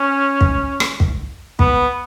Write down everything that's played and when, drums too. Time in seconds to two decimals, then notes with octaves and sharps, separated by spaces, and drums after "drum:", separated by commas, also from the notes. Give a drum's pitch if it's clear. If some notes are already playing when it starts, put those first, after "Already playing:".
Already playing: C#4
0.41 drum: kick
0.80 drum: rim click
1.00 drum: kick
1.59 B3, drum: kick